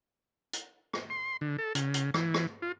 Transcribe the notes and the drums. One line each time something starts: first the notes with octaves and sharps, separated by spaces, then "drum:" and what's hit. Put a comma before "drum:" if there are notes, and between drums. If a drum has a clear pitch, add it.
drum: hi-hat
drum: rim click
C6
D3
A4
C#3, drum: hi-hat
drum: hi-hat
E3, drum: rim click
drum: rim click
F4